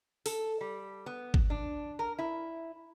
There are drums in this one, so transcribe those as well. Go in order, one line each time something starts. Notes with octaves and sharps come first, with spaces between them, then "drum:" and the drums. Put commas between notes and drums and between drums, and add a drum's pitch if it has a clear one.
A4, drum: open hi-hat
G3
B3
drum: kick
D4
A#4
E4